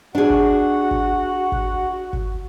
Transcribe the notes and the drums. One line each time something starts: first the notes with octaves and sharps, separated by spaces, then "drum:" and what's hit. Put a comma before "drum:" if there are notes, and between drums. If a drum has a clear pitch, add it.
D4 F#4 G#4 F#5
drum: kick G1
drum: kick G1
drum: kick G1
drum: kick G1